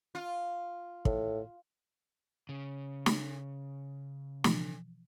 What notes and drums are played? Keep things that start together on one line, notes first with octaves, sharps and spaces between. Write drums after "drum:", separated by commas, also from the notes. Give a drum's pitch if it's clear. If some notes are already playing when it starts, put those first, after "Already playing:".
F4
A2, drum: kick
C#3
drum: snare
B2 E3 F3, drum: snare